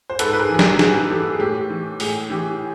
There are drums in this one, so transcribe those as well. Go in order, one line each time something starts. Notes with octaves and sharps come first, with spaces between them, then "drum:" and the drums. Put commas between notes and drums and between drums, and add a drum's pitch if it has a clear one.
C5
G#2 A4 B4, drum: hi-hat
B4
G#4 A#4
E3
G#4
G4, drum: snare
G#2 G#4, drum: snare
E3 G4 A4
G#4
A2 G4
E3
A2 G#4, drum: open hi-hat
E3 G4